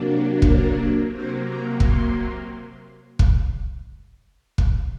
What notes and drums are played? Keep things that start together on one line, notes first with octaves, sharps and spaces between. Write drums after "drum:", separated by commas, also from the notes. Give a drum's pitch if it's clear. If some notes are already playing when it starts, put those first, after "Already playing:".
Already playing: C3 F#3 A#3 D4
A#4, drum: kick
C3 F#3 A#3 C5
A#5
C6, drum: kick
drum: kick
drum: kick